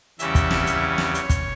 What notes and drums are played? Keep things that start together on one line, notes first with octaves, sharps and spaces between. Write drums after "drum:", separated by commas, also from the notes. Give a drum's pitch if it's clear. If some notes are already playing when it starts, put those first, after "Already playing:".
E2 C#3 G3 C#4 E5, drum: hi-hat
drum: kick, hi-hat
drum: snare
drum: hi-hat
drum: snare
C#5, drum: hi-hat
drum: kick, hi-hat